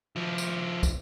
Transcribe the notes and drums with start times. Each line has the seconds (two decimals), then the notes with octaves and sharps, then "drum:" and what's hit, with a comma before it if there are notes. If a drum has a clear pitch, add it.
0.16 F3 E4
0.38 drum: tambourine
0.83 drum: kick, tambourine